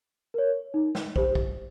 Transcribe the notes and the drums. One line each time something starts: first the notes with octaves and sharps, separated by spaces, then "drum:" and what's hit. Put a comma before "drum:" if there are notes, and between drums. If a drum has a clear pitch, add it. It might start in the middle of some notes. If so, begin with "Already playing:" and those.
A#4 C#5
D#4
drum: snare
G4 C5, drum: kick
drum: kick